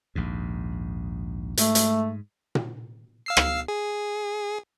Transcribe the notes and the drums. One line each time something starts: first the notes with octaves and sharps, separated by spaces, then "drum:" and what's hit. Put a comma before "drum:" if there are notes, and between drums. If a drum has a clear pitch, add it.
A#1 D#2 G#2
G#2 A3, drum: hi-hat
drum: hi-hat
drum: tom A#2
F5 E6 C7
drum: rim click
G#4